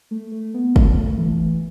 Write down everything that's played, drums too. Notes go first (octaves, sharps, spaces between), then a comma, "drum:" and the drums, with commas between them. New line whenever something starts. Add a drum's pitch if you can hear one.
A3
A3
B3
A3, drum: kick
A3
E3